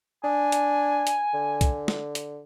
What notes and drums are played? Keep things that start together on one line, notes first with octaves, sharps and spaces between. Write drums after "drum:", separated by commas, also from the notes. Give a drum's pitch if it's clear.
D4 G#5
drum: hi-hat
drum: hi-hat
D3
drum: kick, hi-hat
drum: snare
drum: hi-hat